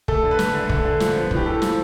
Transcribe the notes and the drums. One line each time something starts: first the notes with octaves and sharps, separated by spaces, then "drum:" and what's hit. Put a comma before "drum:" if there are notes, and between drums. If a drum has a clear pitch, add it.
A3 A4, drum: kick
D3
B4
A3, drum: snare
D3
A3, drum: kick
D3
F3, drum: snare
B3
A2, drum: kick
G4
A2 A4
F3, drum: snare